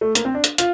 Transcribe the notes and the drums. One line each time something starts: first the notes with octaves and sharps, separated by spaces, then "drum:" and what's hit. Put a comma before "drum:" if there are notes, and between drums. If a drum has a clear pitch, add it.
A3
A#3, drum: hi-hat
C4
D4
drum: hi-hat
F4, drum: hi-hat